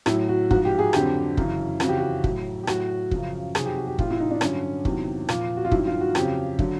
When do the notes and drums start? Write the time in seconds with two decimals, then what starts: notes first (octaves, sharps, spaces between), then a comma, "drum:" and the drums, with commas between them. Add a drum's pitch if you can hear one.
0.06 A2 F#3 E4, drum: rim click
0.29 F#4
0.51 G#2 F3 F#4, drum: kick
0.65 G4
0.79 G#4
0.93 F2 D3 F#3 G4, drum: rim click
1.37 F#2 C#3 E3, drum: kick
1.80 F2 C#3 E3 F#4, drum: rim click
1.89 G4
1.98 F#4
2.24 A2 F#3, drum: kick
2.63 G4
2.67 A2 F#3 F#4, drum: rim click
3.11 F#2 C#3 F3, drum: kick
3.55 F2 C3 D#3 F#3 G#4, drum: rim click
3.65 G4
3.77 F#4
3.87 G4
3.99 A2 E3 F4, drum: kick
4.11 E4
4.20 D#4
4.31 D4
4.41 G2 D3 F#3 C#4, drum: rim click
4.85 E2 C3 D#3 F#3, drum: kick
5.29 A#2 F3, drum: rim click
5.57 F#4
5.65 F4
5.71 G2 D#3 F#3 E4, drum: kick
5.87 F4
6.01 F#4
6.15 F2 C#3 F#3 G4, drum: rim click
6.59 D3 F#3, drum: kick